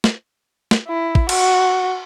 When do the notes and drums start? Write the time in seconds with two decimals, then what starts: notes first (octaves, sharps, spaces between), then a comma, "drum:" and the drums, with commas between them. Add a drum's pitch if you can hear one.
0.04 drum: snare
0.71 drum: snare
0.88 E4
1.15 drum: kick
1.29 F#4, drum: cymbal